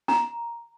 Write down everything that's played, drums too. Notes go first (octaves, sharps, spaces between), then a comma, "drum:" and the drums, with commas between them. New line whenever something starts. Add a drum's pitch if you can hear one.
A#5, drum: snare